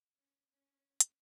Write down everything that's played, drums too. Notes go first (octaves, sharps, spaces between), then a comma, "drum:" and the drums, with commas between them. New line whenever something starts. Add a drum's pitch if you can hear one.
C#4
C#4
drum: hi-hat